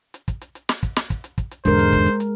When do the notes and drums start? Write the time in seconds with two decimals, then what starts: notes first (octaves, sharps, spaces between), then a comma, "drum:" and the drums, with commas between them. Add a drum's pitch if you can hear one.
0.14 drum: hi-hat
0.28 drum: kick, hi-hat
0.41 drum: hi-hat
0.55 drum: hi-hat
0.69 drum: snare
0.83 drum: kick, hi-hat
0.96 drum: snare
1.10 drum: kick, hi-hat
1.24 drum: hi-hat
1.38 drum: kick, hi-hat
1.51 drum: hi-hat
1.65 E2 G#2 D3 G#3 A#4 C5, drum: kick, hi-hat
1.79 drum: hi-hat
1.93 drum: kick, hi-hat
2.06 drum: hi-hat
2.20 drum: hi-hat